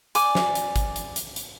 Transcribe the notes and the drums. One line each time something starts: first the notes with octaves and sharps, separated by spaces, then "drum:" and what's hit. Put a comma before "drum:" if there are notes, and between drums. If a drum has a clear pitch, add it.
D5 G#5 D6, drum: hi-hat
drum: snare
drum: hi-hat
drum: kick G#1, hi-hat
drum: hi-hat
drum: hi-hat
drum: hi-hat